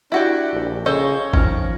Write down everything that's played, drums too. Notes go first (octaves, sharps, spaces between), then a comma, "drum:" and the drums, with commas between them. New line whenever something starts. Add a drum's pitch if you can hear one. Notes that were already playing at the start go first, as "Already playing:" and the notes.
D4 E4 F#4 G4
A#1
C#3 A4 C5 C#5 D#5
D#3 F3 C#4, drum: kick G#1